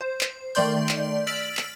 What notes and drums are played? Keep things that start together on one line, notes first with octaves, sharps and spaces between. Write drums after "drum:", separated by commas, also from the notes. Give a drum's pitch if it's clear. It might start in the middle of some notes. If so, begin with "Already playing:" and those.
C5
drum: clap
D#3 A3 D5 C6 G6, drum: open hi-hat
drum: clap
E6 F6 A6 B6 D7 F#7
drum: clap